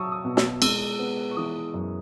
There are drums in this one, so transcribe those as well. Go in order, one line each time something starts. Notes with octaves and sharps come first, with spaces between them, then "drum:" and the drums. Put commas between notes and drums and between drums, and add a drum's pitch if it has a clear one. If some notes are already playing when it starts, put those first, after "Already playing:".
Already playing: F#3 A5 C#6 D#6 E6
D#6
B2
E6, drum: snare
G#3 E6, drum: cymbal
B3
C#6
E3 D#6
F#2